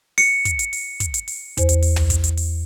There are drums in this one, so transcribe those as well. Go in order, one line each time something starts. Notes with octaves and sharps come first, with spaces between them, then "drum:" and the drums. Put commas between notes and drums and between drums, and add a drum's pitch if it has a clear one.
C#7, drum: open hi-hat
drum: kick, hi-hat
drum: hi-hat
drum: open hi-hat
drum: kick, hi-hat
drum: hi-hat
drum: open hi-hat
E2 C5, drum: kick, hi-hat
drum: hi-hat
drum: open hi-hat
drum: tom
drum: kick, hi-hat
drum: hi-hat
drum: open hi-hat